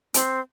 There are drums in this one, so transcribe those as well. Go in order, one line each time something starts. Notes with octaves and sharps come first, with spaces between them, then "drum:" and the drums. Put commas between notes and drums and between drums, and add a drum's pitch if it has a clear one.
C4, drum: hi-hat